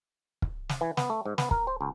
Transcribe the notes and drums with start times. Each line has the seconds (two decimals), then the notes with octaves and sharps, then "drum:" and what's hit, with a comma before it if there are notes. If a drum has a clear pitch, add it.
0.42 drum: kick
0.69 drum: snare
0.81 E3
0.97 B3, drum: snare
1.10 A3
1.26 G#2
1.38 B3, drum: snare
1.51 A#4, drum: kick
1.67 C5
1.81 C#2